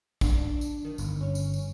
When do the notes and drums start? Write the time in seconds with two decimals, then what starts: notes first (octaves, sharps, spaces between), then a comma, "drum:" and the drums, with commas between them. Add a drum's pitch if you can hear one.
0.21 D4, drum: kick, tambourine
0.37 D4
0.61 drum: tambourine
0.85 D#3
0.98 G1, drum: tambourine
1.21 C#4
1.35 drum: tambourine
1.54 drum: tambourine